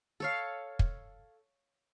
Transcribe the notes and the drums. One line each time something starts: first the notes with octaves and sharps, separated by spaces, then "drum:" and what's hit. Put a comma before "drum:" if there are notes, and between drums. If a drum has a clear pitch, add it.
A4 C#5 F5
drum: kick